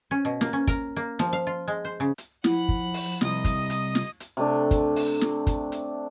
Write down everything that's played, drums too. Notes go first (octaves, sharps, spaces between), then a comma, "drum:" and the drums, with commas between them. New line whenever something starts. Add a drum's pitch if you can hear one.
C#4
B2
A#3, drum: snare
C#4
A#4, drum: kick, hi-hat
A#3
F3, drum: snare
F5
F4
G#3
C5
C#3
drum: hi-hat
F3 E4 F#5 B5, drum: snare
drum: kick
drum: open hi-hat
C2 D#5 D#6, drum: snare
drum: kick, hi-hat
drum: hi-hat
drum: snare
drum: hi-hat
C3 A3 D4
drum: kick, hi-hat
drum: open hi-hat
drum: snare
drum: kick, hi-hat
drum: hi-hat